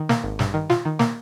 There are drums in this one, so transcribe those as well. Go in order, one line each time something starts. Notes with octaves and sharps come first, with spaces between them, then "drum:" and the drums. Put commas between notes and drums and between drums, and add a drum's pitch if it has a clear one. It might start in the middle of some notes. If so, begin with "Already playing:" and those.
Already playing: D#3
A#3, drum: snare
G#1
G2, drum: snare
D#3
F4, drum: snare
D#3
A#3, drum: snare